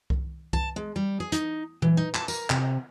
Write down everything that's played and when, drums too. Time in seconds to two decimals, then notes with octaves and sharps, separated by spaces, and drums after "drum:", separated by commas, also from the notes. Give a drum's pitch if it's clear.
0.10 drum: kick C2
0.53 A5, drum: kick C2
0.76 G#3
0.96 G3
1.20 G#4
1.32 D#4, drum: hi-hat
1.82 E3, drum: tom A#2
1.97 D#4
2.14 A5, drum: clap
2.28 A#4, drum: tambourine
2.50 C3, drum: clap